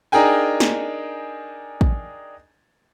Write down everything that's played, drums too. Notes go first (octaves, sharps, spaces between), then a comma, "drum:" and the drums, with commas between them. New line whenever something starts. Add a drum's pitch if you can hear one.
D4 D#4 G#4 A#4 G5 G#5
drum: snare
drum: kick